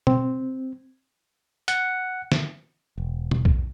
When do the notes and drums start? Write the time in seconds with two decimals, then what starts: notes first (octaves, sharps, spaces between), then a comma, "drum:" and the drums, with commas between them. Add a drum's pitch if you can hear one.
0.07 C4, drum: tom B2
1.68 F#5, drum: hi-hat
2.32 drum: snare
2.98 E1
3.31 drum: tom B2
3.45 drum: kick B1